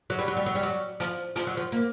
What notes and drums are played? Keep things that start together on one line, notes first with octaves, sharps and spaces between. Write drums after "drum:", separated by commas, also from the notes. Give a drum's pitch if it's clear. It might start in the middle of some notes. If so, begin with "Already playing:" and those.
F#3
G3
F#3
G3
F#3
G3
F#3
F3, drum: hi-hat
F3, drum: hi-hat
F#3
F3
A#3